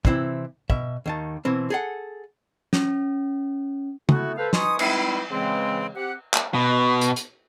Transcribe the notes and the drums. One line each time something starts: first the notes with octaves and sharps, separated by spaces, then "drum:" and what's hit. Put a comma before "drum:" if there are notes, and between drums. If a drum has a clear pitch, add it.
C3 E3 C4 E4, drum: kick
B2 E5, drum: kick
D#2 D#3 A5
B2 E3 C4
G#4 A4 F#5
C#4, drum: snare
A3 B3 E4 F#4, drum: tom
A4 B4 C5 F5
D#4 B4 G#5 C6 C#6 D#6, drum: snare
E3 G3 G#3 C4 D#4 E4, drum: cymbal
C#3 E3 G#3 C4
C4 G4 F#5
drum: clap
B2
drum: hi-hat
drum: hi-hat